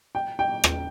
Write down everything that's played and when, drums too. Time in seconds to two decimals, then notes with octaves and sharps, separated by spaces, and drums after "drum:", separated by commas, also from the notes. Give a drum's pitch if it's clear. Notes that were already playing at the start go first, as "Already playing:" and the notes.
0.15 G5
0.39 G5
0.64 drum: rim click